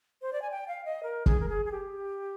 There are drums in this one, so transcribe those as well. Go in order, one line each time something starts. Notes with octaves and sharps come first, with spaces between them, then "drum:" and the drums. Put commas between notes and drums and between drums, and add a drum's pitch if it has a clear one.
C5
D5
G#5
G5
F5
D#5
A#4
G#4, drum: kick
A#4
G#4
G#4
G4